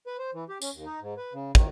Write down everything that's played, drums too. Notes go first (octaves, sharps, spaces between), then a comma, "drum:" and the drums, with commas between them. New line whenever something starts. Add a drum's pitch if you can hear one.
B4
C5
E3
G4
C#4, drum: tambourine
D#2
D#4
G#2
B4
C#3
D#3, drum: kick